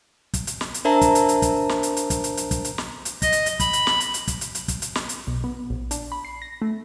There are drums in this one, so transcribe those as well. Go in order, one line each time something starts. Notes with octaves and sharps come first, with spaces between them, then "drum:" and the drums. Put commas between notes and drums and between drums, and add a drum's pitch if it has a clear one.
drum: kick, hi-hat
drum: hi-hat
drum: snare
drum: hi-hat
D4 A#4 C5 E5 A5 A#5
drum: kick, hi-hat
drum: hi-hat
drum: hi-hat
drum: kick, hi-hat
drum: snare
drum: hi-hat
drum: hi-hat
drum: kick, hi-hat
drum: hi-hat
drum: hi-hat
drum: kick, hi-hat
drum: hi-hat
drum: snare
drum: hi-hat
D#5, drum: kick, hi-hat
drum: hi-hat
drum: hi-hat
B5, drum: kick, hi-hat
drum: hi-hat
drum: snare
drum: hi-hat
drum: hi-hat
drum: kick, hi-hat
drum: hi-hat
drum: hi-hat
drum: kick, hi-hat
drum: hi-hat
drum: snare
drum: hi-hat
B1
B3
A#1
D4, drum: hi-hat
B5
C7
A#6
A3